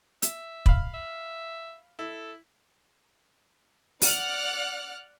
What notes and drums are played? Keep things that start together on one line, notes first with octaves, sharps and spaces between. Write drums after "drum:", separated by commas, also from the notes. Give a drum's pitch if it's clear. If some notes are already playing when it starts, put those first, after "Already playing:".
E5, drum: hi-hat
F5 B5, drum: kick
E5
E4 A4
D5 F#5 F6 F#6, drum: open hi-hat